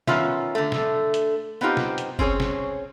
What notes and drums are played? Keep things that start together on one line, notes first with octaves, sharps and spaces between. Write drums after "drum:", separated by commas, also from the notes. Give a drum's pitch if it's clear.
D#3 B3 C#4 F4 E5, drum: snare
D3 A3
drum: snare
drum: hi-hat
B3 C4 D#4 F4 G4
drum: snare
drum: hi-hat
C4 C#4 G#4 C#5, drum: kick G1
drum: snare